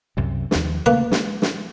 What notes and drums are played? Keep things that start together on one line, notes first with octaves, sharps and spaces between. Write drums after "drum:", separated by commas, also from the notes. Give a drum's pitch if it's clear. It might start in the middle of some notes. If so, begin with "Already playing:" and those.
C2 F#2 C3
D#2 D#3 F3, drum: snare
C#3 A3 A#3 B4
G#3, drum: snare
drum: snare